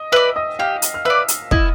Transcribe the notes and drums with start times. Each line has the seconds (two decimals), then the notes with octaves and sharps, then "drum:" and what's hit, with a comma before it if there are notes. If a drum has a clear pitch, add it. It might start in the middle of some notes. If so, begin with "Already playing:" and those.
Already playing: D#5 D#6
0.12 B4 D5 E5 E6
0.36 D#5 D#6
0.59 G4 F5 F6
0.82 drum: hi-hat
0.94 F6
1.05 B4 D5 E5 E6
1.28 drum: hi-hat
1.51 E4 D#5 D#6, drum: kick